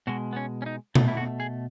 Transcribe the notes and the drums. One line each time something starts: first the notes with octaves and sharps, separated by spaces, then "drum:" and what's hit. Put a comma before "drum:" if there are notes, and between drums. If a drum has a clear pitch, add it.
B2 G#3 F#4
B3
C#4
C#4
D#4
B2 A3, drum: tom B2
E4
F#4
G#4